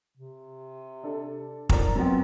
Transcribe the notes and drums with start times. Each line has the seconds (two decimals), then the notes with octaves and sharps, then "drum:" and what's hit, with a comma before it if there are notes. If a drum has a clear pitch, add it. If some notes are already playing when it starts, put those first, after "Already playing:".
0.18 C3
1.04 D4 A4
1.69 G#2 F3 A#4 D5, drum: kick
1.96 F#2 B3 C4